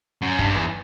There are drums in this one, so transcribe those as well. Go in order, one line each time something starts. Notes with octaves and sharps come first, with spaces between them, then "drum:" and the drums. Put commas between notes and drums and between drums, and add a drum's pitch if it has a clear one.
F#2
G2, drum: kick G1
E2